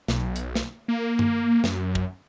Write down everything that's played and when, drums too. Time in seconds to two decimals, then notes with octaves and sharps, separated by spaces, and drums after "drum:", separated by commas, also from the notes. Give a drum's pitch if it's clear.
0.08 B1, drum: snare
0.36 drum: hi-hat
0.55 drum: snare
0.88 A#3
1.19 drum: tom G2
1.64 F#2, drum: snare
1.95 drum: kick